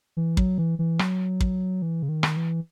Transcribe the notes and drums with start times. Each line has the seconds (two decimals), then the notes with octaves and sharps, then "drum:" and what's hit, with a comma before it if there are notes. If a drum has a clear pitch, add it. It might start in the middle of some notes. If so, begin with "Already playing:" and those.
0.17 E3
0.37 F#3, drum: kick
0.58 E3
0.79 E3
0.99 F#3, drum: rim click
1.40 drum: kick
1.82 E3
2.03 C#3
2.09 D#3
2.23 drum: rim click
2.37 E3